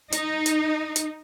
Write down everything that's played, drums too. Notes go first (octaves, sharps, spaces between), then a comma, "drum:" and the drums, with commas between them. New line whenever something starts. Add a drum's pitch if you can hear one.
D#4, drum: hi-hat
drum: hi-hat
drum: hi-hat